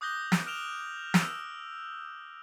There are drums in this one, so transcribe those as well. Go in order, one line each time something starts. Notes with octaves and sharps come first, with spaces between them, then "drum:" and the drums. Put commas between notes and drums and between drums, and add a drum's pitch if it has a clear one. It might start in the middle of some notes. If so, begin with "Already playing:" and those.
D6 D#6 F#6 G6 A#6 G7
drum: snare
F6 D7 E7 F7 G7
E6, drum: snare